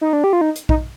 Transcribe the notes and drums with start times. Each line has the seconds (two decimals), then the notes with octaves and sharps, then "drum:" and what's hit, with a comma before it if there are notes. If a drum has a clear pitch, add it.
0.01 D#4
0.13 D4
0.24 G4
0.33 F4
0.41 D#4
0.55 drum: hi-hat
0.69 D#4, drum: kick